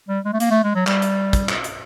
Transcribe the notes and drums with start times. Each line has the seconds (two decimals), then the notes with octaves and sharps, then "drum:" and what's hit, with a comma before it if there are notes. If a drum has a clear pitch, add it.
0.09 G3
0.25 G#3
0.33 A3
0.40 A#3, drum: hi-hat
0.51 A3
0.64 G#3
0.75 F#3
0.87 G3, drum: clap
1.02 drum: hi-hat
1.33 drum: kick, hi-hat
1.49 drum: clap
1.64 drum: hi-hat